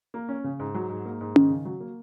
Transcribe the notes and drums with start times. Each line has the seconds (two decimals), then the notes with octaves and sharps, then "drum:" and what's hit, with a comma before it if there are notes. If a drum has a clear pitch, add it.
0.14 A#3
0.29 C#4
0.44 C#3
0.60 G#2
0.75 F#3
0.90 G#2
1.05 A#3
1.21 G#2
1.36 D#3, drum: tom C#4
1.50 C#3
1.65 F#3
1.80 A#3